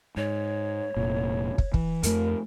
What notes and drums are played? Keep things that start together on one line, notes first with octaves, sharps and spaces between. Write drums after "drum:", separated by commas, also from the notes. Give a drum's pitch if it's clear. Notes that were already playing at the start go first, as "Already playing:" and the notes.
G#2 C#5
F1 A#2
drum: kick
E3, drum: kick
F2 A3 A#4, drum: hi-hat